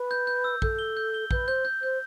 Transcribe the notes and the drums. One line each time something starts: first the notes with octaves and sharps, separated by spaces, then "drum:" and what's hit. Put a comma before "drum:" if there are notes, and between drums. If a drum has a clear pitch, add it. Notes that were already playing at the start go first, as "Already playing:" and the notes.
Already playing: B4
G6
G6
E6
A4 G6, drum: kick
G7
G6
G7
B4 G6, drum: kick
C5 G6
G6
C5 G6